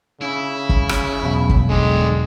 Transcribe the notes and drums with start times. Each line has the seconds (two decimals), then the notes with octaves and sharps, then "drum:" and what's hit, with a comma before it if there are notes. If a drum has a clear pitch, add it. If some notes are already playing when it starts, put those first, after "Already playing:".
0.21 C#3 E4
0.69 drum: kick
0.89 drum: rim click
1.23 E2 B2 F#3
1.49 drum: kick
1.69 D3 G#3 G4